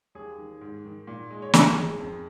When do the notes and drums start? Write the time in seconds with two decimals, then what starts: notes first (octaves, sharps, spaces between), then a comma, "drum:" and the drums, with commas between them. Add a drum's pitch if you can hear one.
0.15 D#2 G#4
0.38 D#3
0.61 G#2
0.85 D#3
1.07 A#2
1.30 G#3
1.42 C#5
1.54 G#2 A#4, drum: snare
1.77 G#3
2.00 F2